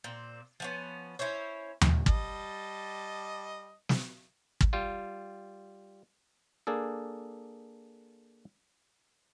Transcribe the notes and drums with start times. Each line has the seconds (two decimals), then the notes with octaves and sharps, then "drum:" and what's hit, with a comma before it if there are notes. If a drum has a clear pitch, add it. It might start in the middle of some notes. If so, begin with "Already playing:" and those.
0.04 A#2 C4
0.60 F3 B3 C#4
1.19 C#4 E4 C5 C#5
1.81 drum: tom D#2
2.06 G3 D#5 A5, drum: kick
3.89 drum: snare
4.61 drum: kick
4.73 G3 F4
6.67 A#3 D4 G#4 A4